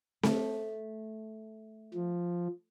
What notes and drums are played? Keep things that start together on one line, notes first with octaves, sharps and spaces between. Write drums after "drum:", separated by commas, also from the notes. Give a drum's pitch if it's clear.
A3, drum: snare C4
F3